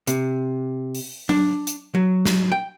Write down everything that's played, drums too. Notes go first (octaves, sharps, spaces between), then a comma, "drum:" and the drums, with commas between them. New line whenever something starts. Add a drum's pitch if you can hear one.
C3, drum: hi-hat
drum: open hi-hat
D4, drum: tom F#3
drum: hi-hat
F#3
drum: snare
G5